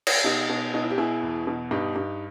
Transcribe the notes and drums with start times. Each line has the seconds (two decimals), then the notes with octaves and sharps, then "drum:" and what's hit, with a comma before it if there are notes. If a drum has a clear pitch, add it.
0.07 drum: cymbal
0.24 B2 D#4 G4
0.49 B2
0.74 B2 D#4
0.82 E4
0.90 G4
0.98 B2 E4 G#4
1.23 E2
1.47 B2
1.71 G2 D#4 G4
1.96 G2